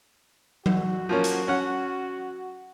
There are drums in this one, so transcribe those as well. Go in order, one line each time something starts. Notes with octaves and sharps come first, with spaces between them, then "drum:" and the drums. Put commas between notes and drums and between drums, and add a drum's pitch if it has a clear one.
F#4, drum: tom F#3
F3 A#3 C#4
drum: hi-hat
C#4 F#5